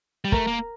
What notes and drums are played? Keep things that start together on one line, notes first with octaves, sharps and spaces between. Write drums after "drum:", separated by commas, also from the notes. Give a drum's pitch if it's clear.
G3
A3 A#4, drum: kick
A#3